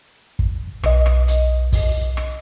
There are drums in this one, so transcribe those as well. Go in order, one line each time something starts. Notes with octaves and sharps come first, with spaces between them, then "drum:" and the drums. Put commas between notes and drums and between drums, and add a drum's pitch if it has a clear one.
drum: kick
B1 D#5, drum: rim click
drum: rim click
drum: hi-hat
drum: kick, open hi-hat
drum: rim click